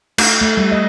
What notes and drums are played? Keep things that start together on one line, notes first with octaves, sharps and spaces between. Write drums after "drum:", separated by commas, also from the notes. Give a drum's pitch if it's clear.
A3, drum: cymbal
A3
G3
D#5